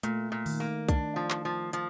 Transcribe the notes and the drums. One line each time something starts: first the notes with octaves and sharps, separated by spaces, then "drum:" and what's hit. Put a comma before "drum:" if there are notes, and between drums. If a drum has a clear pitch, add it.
A#2 A3, drum: hi-hat
A#2
D#3, drum: open hi-hat
A#3
D4, drum: kick C2, hi-hat
F3
drum: clap
F3
F3, drum: hi-hat